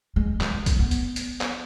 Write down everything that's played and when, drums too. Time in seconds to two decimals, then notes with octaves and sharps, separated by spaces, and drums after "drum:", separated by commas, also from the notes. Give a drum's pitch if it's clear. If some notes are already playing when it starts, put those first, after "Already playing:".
0.16 G#3
0.41 G#3, drum: clap
0.66 drum: kick A#1, hi-hat
0.79 B3
0.91 drum: hi-hat
1.16 drum: hi-hat
1.41 drum: clap